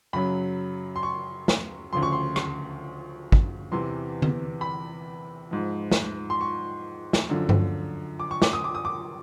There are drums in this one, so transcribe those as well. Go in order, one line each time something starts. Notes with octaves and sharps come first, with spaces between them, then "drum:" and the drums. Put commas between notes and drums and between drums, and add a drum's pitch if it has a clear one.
F#2 C#3 F#3 B5
C6
C#6
drum: snare
D2 C#3 F3 C6
C#6
C6
drum: rim click
drum: kick
E2 C3 E3 C6
drum: tom D3
B5
G#2 F3
drum: snare
C6
C#6
drum: snare
F#2 D3 F3
drum: tom G2
D6
C#6
D6, drum: snare
D#6
D6
D#6
D6